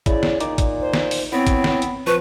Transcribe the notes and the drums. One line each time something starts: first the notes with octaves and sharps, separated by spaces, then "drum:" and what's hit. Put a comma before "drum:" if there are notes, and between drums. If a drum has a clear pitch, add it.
C#3 E4 D5, drum: kick, hi-hat
drum: snare
A#2 D#4 D6, drum: hi-hat
drum: kick, hi-hat
C5
drum: snare
drum: open hi-hat
B3 C4 E4 C#5
drum: kick, hi-hat
drum: snare
drum: hi-hat
F3 B4 C#6